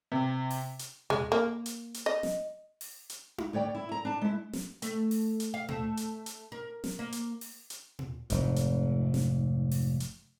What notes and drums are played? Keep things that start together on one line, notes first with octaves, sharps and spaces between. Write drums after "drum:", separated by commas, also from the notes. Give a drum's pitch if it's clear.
C3
drum: open hi-hat
drum: hi-hat
G#3, drum: tom A#2
A#3
drum: hi-hat
drum: hi-hat
D#5
drum: snare
drum: open hi-hat
drum: hi-hat
drum: tom D#4
D2 C#5 D5 G5
E4
A#5
D4 A5
G#3 E4
drum: snare
A3, drum: hi-hat
drum: open hi-hat
drum: hi-hat
F5
A3, drum: tom A#2
drum: hi-hat
drum: hi-hat
A#4
drum: snare
A#3
drum: hi-hat
drum: open hi-hat
drum: hi-hat
drum: tom A#2
F1 G#2, drum: hi-hat
drum: hi-hat
drum: snare
drum: open hi-hat
drum: hi-hat